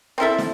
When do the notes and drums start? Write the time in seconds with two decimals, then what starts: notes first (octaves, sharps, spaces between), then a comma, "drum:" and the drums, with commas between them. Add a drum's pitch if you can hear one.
0.18 C4 E4 A4 E5
0.38 drum: snare